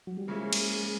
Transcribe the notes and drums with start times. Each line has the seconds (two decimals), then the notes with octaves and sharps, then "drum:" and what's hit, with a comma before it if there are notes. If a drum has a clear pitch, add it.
0.07 F#3
0.17 G3
0.28 C#3 F3 G#3 A#3 C#4 E4
0.53 drum: cymbal